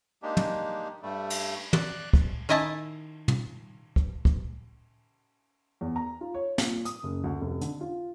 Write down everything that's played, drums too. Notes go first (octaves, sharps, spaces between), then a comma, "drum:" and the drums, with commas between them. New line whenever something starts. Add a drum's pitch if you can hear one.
G#3 A#3 D4 D#4 G4
drum: tom
G2 G3 A3
drum: cymbal
D5 F#6, drum: tom
drum: kick
D#3 E4 D#5 G#5 A5
drum: tom B2
drum: kick
drum: kick
E2
A#5
F4
C#5
A#2, drum: snare
D#6, drum: hi-hat
F#1
D2
F1
D3, drum: hi-hat
F4